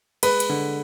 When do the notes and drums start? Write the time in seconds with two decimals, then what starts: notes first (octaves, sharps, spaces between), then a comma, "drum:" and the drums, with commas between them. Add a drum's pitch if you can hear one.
0.23 G#3 B4 B5, drum: cymbal
0.40 drum: cymbal
0.49 D3